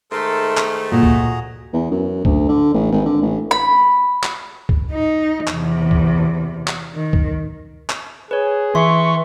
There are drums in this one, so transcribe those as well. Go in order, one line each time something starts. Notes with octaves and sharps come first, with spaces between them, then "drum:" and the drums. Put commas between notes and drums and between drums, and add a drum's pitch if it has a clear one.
G#2 D#3 A3 A4 A#4 C6
drum: clap
A#2 F#4 G#4 A#5
drum: kick
E2
F#2
D2, drum: kick
D3
A1
G#1
D3
A1
B5
drum: clap
drum: kick
D#4
E2 C3, drum: clap
drum: kick
drum: clap
D#3
drum: kick
drum: clap
G#4 B4 C#5
E3 E5 C6 C#6